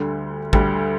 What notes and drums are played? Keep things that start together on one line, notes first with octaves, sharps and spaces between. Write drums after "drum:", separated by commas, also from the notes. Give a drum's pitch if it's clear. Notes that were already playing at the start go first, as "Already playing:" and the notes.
Already playing: D2 D3 G3
D2 D3 G3, drum: kick